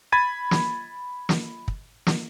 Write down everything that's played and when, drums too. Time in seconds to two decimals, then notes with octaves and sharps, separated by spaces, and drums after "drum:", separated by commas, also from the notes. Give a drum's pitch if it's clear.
0.12 B5 G#6 A6 D#7
0.51 drum: snare
1.29 drum: snare
1.68 drum: kick
2.07 drum: snare